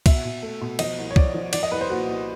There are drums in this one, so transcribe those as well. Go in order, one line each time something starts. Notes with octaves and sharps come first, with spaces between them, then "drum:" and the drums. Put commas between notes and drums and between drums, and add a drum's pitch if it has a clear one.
B2 E5, drum: kick C2, cymbal
B2
A3
B2
F3 D#5, drum: cymbal
C2
C#5
F3 D5, drum: kick C2
F3
F3 D5, drum: cymbal
D#5
C2 B4
C5
A#2 F#4
C2